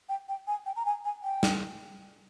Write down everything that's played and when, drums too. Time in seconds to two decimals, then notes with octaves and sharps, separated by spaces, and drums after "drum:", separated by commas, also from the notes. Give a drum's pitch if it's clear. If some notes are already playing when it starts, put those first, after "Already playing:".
0.09 G5
0.28 G5
0.47 G#5
0.66 G5
0.76 A#5
0.85 G#5
1.05 G#5
1.24 G5
1.43 drum: snare